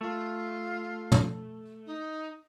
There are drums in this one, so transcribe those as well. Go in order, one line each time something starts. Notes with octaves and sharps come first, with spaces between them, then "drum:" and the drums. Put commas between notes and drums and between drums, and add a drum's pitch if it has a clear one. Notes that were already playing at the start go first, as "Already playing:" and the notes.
A3 F4
drum: tom
D#4